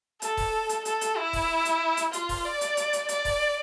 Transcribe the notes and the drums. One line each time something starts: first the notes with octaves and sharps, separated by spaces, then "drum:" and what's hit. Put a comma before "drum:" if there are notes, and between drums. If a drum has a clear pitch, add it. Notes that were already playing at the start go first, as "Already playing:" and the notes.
A4, drum: hi-hat
drum: kick D#1, open hi-hat
drum: hi-hat
A4, drum: hi-hat
drum: hi-hat
E4
drum: kick D#1, open hi-hat
drum: hi-hat
drum: hi-hat
F4, drum: hi-hat
drum: kick D#1, open hi-hat
D5
drum: hi-hat
drum: hi-hat
drum: hi-hat
D5, drum: hi-hat
drum: kick D#1, open hi-hat